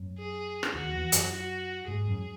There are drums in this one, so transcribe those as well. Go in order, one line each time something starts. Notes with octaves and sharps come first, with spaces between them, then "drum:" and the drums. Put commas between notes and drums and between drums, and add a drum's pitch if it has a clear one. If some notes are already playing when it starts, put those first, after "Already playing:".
Already playing: F#2 F#3
G#4
drum: rim click
D#2 D#3 F#4
E2 E3
F#2 F#3, drum: hi-hat
F#4
G#2 G#3 G#4
F#2 F#3